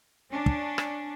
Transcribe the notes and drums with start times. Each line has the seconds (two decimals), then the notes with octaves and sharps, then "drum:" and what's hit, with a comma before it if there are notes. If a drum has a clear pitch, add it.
0.30 C#4 D4
0.46 drum: kick
0.78 drum: rim click